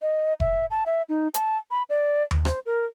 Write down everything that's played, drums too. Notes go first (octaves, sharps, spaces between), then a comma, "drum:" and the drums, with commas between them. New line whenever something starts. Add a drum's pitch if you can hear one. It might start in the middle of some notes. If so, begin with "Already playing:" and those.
D#5
E5, drum: kick F1
A5
E5
D#4
A5, drum: hi-hat
B5
D5
drum: tom D#2
C5, drum: rim click
A#4